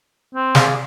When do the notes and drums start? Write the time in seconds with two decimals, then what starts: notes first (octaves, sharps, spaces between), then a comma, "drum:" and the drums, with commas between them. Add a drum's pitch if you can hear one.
0.35 C4
0.55 G#4 D5 F5, drum: snare